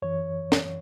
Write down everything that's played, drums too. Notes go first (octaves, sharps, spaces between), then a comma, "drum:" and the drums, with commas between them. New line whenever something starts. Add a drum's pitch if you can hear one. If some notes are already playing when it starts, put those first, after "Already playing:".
F#2 E3 C#5
drum: snare